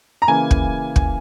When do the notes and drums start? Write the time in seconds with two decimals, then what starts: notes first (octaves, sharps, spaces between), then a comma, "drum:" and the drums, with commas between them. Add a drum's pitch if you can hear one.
0.22 A#5
0.28 C#3 E3 A#3 G#5
0.51 drum: kick
0.96 drum: kick